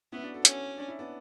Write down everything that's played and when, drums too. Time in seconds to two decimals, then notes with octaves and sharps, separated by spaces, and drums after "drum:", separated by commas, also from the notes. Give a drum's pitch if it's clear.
0.12 B3 C#4 E4
0.23 D4 F#4
0.34 F#4 A4
0.45 C#4, drum: hi-hat
0.78 D4
0.88 E4
0.99 B3 D4